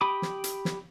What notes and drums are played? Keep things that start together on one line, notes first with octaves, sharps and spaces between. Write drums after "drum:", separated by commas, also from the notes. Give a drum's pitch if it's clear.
G4 B5 D6 D#6
drum: snare
drum: hi-hat
drum: snare